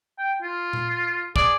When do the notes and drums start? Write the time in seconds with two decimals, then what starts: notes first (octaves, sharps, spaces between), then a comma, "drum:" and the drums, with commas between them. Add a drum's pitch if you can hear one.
0.18 G5
0.42 F4
0.73 drum: tom A#2
1.36 G#4 D5, drum: kick